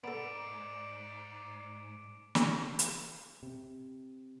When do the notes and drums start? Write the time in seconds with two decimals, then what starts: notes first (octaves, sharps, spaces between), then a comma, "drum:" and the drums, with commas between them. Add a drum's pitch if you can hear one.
0.04 G#2 B3 A4 D5 D6 D7
2.35 drum: snare
2.79 drum: hi-hat
3.43 C3